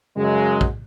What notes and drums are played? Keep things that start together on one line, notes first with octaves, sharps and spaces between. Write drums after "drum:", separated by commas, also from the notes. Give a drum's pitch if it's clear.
F#2 C#3 F#3 G#3
drum: kick